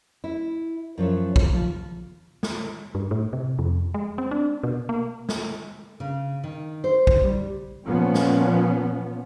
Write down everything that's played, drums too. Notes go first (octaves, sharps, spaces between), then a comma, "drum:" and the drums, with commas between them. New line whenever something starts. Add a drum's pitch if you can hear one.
E4
F#2 F3 C#5 E5
drum: kick A#1
F3
drum: snare
G2
A2
C3
F2
G#3
C4
D4
B2
A#3
drum: snare
C#3
D#3
C5
drum: kick A#1
G3
A#2 F3 B3 C#4
drum: snare